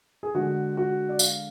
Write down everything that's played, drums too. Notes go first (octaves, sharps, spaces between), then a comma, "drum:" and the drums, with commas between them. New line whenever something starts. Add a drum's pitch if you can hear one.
G#4
D3 G#3 F#4
F#4
D5
F5, drum: tambourine